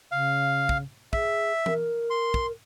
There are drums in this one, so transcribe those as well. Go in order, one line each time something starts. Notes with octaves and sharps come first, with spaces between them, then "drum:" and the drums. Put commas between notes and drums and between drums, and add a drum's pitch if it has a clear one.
C#3 F5
drum: kick
G#4 E5, drum: kick
A#4, drum: tom E3
C6
drum: kick